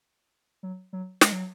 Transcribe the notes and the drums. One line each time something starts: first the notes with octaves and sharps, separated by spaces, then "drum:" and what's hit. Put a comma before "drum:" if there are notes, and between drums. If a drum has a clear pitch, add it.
F#3
F#3
G#3, drum: snare
F#3